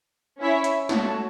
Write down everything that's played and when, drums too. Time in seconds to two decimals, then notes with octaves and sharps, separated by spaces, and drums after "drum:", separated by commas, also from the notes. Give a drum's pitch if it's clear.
0.39 C#4 E4 C#5 E5
0.64 drum: hi-hat
0.89 A3 F#4 C#5 A5, drum: snare